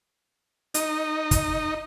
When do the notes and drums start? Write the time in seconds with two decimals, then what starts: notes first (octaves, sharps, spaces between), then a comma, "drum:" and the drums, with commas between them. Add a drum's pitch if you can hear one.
0.74 D#4, drum: hi-hat
1.31 drum: kick, hi-hat